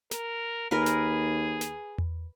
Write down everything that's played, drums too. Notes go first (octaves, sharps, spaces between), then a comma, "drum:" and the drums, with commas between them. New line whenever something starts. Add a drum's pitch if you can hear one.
A#4, drum: snare
D#2 G#4 A#4 B4
drum: snare
drum: snare
drum: tom E2